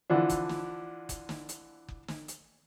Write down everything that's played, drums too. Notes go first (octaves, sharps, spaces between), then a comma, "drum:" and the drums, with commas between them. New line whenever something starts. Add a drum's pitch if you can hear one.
D3 E3 F3 D4
drum: kick F#1, hi-hat
drum: snare
drum: kick F#1, hi-hat
drum: snare
drum: hi-hat
drum: kick F#1
drum: snare
drum: hi-hat